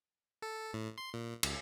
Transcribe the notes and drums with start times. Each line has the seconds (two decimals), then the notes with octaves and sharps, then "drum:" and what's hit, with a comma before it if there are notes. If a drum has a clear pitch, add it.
0.42 A4
0.74 A2
0.98 C6
1.14 A#2
1.43 C#2, drum: cymbal